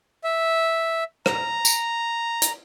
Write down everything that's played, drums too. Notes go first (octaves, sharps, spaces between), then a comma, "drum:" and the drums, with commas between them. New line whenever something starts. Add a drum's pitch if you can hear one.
E5
A#5, drum: rim click
drum: tambourine
drum: hi-hat